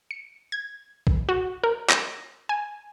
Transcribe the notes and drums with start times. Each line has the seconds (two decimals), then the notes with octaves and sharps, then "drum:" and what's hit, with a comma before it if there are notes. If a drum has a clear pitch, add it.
0.11 C#7
0.52 G#6
1.07 drum: kick B1
1.29 F#4
1.64 A#4
1.89 A#6, drum: clap
2.49 G#5